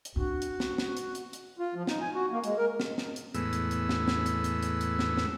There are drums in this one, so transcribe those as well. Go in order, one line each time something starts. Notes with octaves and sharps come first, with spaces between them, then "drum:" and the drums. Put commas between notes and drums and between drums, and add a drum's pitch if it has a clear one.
drum: hi-hat
C4 D4 F#4
drum: hi-hat
drum: snare
drum: snare
drum: hi-hat
drum: hi-hat
drum: hi-hat
F4
F3
D#4, drum: snare
G#5
F#4
A#3
G#3, drum: hi-hat
A#4
drum: snare
drum: snare
drum: hi-hat
E2 A2 G#3 B3 E6, drum: hi-hat
drum: hi-hat
drum: hi-hat
drum: snare
drum: snare
drum: hi-hat
drum: hi-hat
drum: hi-hat
drum: hi-hat
drum: snare
drum: snare